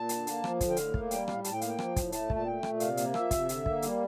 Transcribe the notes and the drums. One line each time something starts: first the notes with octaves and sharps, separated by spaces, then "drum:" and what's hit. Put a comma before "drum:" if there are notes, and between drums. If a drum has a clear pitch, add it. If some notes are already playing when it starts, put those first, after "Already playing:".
Already playing: A#2 A5
D3, drum: hi-hat
A#3, drum: hi-hat
F3, drum: rim click
D3, drum: kick, hi-hat
G5
A2 F5, drum: hi-hat
A#3, drum: kick
G3 G5, drum: hi-hat
A2 F5, drum: rim click
A2 A5, drum: hi-hat
G5
A#3 F5, drum: hi-hat
G5
F3, drum: rim click
A2, drum: kick, hi-hat
A3 A5, drum: hi-hat
A#2, drum: kick
A5
A3 G5
A#2, drum: rim click
C3 F5, drum: hi-hat
A#3, drum: hi-hat
F3 E5, drum: rim click
C3, drum: kick, hi-hat
D3, drum: hi-hat
A#3, drum: kick
G3, drum: hi-hat